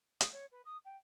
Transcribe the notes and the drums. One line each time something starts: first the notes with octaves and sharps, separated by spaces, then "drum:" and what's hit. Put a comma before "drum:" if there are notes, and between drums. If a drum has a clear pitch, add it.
D#6, drum: hi-hat
C#5
B4
D#6
G5